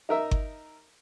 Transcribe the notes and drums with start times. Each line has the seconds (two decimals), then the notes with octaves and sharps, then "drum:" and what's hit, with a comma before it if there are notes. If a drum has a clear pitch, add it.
0.09 D#4 A#4 E5
0.31 drum: kick G1